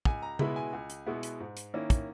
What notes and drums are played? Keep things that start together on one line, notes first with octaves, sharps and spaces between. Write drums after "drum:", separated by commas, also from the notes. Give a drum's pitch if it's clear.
C#2 G#5, drum: kick
A#5
B2 G#3 B3 E4 B5, drum: tom C#3
G#5
C#2
drum: hi-hat
B2 G#3 B3 E4
drum: hi-hat
G#2
drum: hi-hat
D#3 A#3 C#4 E4
drum: kick, hi-hat